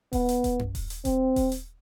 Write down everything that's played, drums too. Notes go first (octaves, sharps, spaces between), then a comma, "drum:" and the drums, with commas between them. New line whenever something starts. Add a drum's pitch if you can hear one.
B3, drum: kick D#1, open hi-hat
drum: hi-hat
drum: kick D#1, hi-hat
drum: tom F#2
drum: kick D#1, open hi-hat
drum: hi-hat
C4, drum: kick D#1, hi-hat
drum: kick D#1, open hi-hat
drum: hi-hat